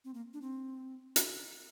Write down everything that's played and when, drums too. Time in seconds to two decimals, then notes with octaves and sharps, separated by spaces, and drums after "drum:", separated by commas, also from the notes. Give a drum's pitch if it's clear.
0.05 C4
0.14 A#3
0.33 D4
0.42 C4
1.16 drum: hi-hat